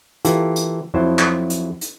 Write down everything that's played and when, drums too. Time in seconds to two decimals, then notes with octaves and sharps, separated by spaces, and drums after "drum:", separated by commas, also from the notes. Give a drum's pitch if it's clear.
0.25 E3 A#3 F4 G4 A4, drum: hi-hat
0.56 drum: hi-hat
0.94 F2 F#3 E4 C5 A5
1.19 drum: clap
1.50 drum: hi-hat
1.81 drum: hi-hat